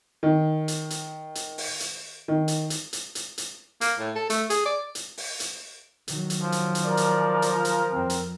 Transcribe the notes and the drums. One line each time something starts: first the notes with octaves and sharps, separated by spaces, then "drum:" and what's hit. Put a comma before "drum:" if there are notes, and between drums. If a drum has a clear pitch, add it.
D#3
drum: hi-hat
drum: hi-hat
drum: hi-hat
drum: open hi-hat
drum: hi-hat
D#3
drum: hi-hat
drum: hi-hat
drum: hi-hat
drum: hi-hat
drum: hi-hat
A#3, drum: hi-hat
A2
A4
A3, drum: hi-hat
G#4, drum: hi-hat
D5
drum: hi-hat
drum: open hi-hat
drum: hi-hat
D#3 F#3, drum: hi-hat
drum: hi-hat
F3
drum: hi-hat
drum: hi-hat
A#4 D5
drum: hi-hat
drum: hi-hat
F4
drum: hi-hat
F2 C4
drum: hi-hat